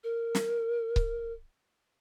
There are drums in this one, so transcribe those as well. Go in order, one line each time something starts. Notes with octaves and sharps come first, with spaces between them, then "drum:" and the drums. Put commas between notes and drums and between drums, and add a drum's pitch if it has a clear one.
A#4
drum: snare
drum: kick C#1